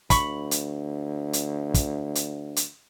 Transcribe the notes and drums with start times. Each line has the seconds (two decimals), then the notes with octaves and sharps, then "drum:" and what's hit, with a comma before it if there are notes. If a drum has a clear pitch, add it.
0.10 D2 B5 C#6, drum: kick, hi-hat
0.51 drum: hi-hat
1.33 drum: hi-hat
1.74 drum: kick, hi-hat
2.15 drum: hi-hat
2.56 drum: hi-hat